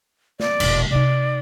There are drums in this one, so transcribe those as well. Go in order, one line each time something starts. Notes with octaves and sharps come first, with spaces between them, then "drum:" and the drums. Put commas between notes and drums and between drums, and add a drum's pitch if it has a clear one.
D5, drum: snare
E1 A#1, drum: cymbal
C3 D#4 D5